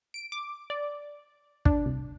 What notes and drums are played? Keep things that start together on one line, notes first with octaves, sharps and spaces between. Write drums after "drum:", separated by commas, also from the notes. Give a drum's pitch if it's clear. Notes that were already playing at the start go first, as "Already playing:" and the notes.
D7
D6
D5
D4, drum: kick
C2